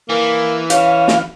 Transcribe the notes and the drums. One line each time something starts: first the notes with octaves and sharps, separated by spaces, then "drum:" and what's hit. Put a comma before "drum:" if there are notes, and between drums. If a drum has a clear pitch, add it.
E3 A#3
C#4 F5, drum: hi-hat
drum: snare